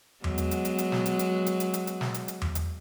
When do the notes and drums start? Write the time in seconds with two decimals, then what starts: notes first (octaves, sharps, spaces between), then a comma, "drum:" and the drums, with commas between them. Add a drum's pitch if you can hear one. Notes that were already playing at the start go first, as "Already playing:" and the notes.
0.24 F#3 G#3 B3, drum: tom E2
0.38 drum: hi-hat
0.51 drum: hi-hat
0.65 drum: hi-hat
0.78 drum: hi-hat
0.92 drum: snare
1.06 drum: hi-hat
1.19 drum: hi-hat
1.46 drum: hi-hat
1.60 drum: hi-hat
1.74 drum: hi-hat
1.87 drum: hi-hat
2.01 drum: snare
2.14 drum: hi-hat
2.28 drum: hi-hat
2.42 drum: tom E2
2.55 drum: hi-hat